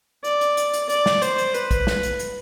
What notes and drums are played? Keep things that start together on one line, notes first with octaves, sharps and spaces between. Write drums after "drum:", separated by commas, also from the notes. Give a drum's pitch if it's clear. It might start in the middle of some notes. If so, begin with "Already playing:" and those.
D5, drum: hi-hat
drum: hi-hat
drum: hi-hat
drum: hi-hat
D5, drum: hi-hat
drum: snare
C5, drum: hi-hat
drum: hi-hat
B4, drum: hi-hat
drum: kick, hi-hat
drum: snare
drum: hi-hat
drum: hi-hat